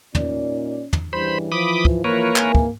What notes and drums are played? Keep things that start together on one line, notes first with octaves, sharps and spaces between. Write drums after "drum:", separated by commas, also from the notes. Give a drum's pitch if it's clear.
A#2 C#4 D#4 D5, drum: tom
drum: tom
G2 C#3 E3 G3 C5 B5
F3 B5 D6 D#6
drum: kick
E3 F3 A#3 A#4 B4 C#5
G#1 E3 G#5, drum: clap
drum: kick